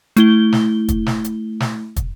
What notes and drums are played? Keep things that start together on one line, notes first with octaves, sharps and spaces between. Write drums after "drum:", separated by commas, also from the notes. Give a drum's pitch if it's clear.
A3 E4 G7, drum: hi-hat
drum: snare
drum: kick, hi-hat
drum: snare
drum: hi-hat
drum: snare
drum: kick, hi-hat